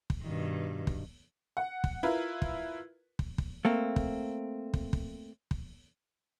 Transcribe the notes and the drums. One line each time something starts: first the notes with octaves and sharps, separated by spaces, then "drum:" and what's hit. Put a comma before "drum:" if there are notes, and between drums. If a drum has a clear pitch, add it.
drum: kick
G2 B2 D#3
drum: kick
F#5
drum: kick
E4 F4 A#4 B4
drum: kick
drum: kick
drum: kick
A3 A#3 C4
drum: kick
drum: kick
drum: kick
drum: kick